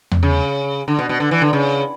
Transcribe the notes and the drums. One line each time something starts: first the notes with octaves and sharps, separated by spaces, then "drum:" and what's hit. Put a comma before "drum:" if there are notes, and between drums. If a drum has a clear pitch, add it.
drum: tom E2
C#3
D3
B2
B2
D3
E3
D3
C#3